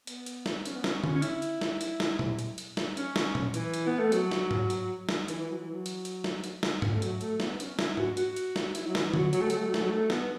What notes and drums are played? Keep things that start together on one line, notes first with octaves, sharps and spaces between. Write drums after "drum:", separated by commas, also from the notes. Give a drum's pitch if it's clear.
B3, drum: hi-hat
drum: hi-hat
drum: snare
C#4, drum: hi-hat
B3
C#4, drum: snare
drum: tom D3
C#4
E4, drum: hi-hat
drum: hi-hat
drum: snare
drum: hi-hat
drum: snare
drum: tom A#2
drum: hi-hat
drum: hi-hat
drum: snare
C#4, drum: hi-hat
drum: snare
drum: tom A#2
E3, drum: hi-hat
drum: hi-hat
B3
A3
F#3, drum: hi-hat
drum: snare
drum: tom G#2
drum: hi-hat
drum: snare
E3, drum: hi-hat
E3
F#3
E3
F#3
drum: hi-hat
drum: hi-hat
drum: snare
drum: hi-hat
drum: snare
drum: tom G#2
A3
F#3, drum: hi-hat
A3, drum: hi-hat
B3, drum: snare
C#4, drum: hi-hat
E4, drum: snare
F#4, drum: tom
F#4, drum: hi-hat
drum: hi-hat
drum: snare
E4, drum: hi-hat
F#3
E3, drum: snare
F#3, drum: tom D3
F#3, drum: hi-hat
A3
F#3, drum: hi-hat
A3
F#3
A3, drum: snare
F#3
A3
B3, drum: snare